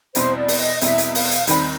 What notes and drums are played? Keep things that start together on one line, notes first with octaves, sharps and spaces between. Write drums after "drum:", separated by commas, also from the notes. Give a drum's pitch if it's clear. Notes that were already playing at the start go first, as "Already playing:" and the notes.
E2 B2 G3 C4 E4 C5, drum: hi-hat
D5
drum: open hi-hat
D#5
E2 B2 G3 C4 E4 E5, drum: hi-hat
drum: hi-hat
F5, drum: open hi-hat
drum: hi-hat
D#2 D#3 G3 C4 B5, drum: hi-hat